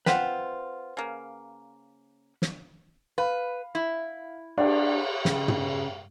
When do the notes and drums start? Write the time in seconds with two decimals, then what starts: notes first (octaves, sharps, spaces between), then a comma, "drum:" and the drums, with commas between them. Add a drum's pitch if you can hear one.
0.06 C4 F4 B4 C5 F#5, drum: snare
0.97 C#3 A#3
2.42 drum: snare
3.18 B4 F5
3.75 E4
4.58 D4, drum: cymbal
5.25 C#3, drum: snare
5.48 drum: tom